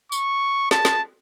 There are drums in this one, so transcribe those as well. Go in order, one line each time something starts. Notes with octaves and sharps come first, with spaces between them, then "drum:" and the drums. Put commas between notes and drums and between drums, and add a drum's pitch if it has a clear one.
C#6, drum: tambourine
A5, drum: snare
drum: snare